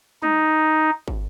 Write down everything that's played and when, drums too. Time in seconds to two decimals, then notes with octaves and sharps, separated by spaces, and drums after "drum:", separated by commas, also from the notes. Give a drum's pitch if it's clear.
0.22 D#4, drum: tom G3
1.08 drum: kick